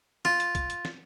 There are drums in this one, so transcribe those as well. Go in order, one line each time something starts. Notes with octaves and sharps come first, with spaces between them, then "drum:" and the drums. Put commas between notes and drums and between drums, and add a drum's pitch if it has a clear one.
F4, drum: snare
drum: hi-hat
drum: kick, hi-hat
drum: hi-hat
drum: snare